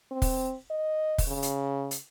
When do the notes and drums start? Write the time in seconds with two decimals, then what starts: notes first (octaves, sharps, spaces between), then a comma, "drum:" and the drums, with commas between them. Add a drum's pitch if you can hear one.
0.11 C4
0.22 drum: kick, open hi-hat
0.70 D#5
1.18 drum: kick, open hi-hat
1.28 C#3
1.43 drum: hi-hat
1.91 drum: hi-hat